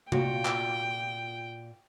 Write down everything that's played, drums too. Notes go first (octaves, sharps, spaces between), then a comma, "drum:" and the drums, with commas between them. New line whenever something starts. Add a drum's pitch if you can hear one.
A#2 F4 F#4 G5, drum: tom C3
drum: clap